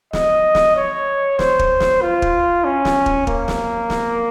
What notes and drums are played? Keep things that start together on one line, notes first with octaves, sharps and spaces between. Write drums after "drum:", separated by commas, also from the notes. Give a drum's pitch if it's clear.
D#5, drum: snare
drum: snare
C#5
C5, drum: snare
drum: kick
drum: snare
F4
drum: kick
C#4
drum: snare
drum: kick
A#3, drum: kick
drum: snare
drum: snare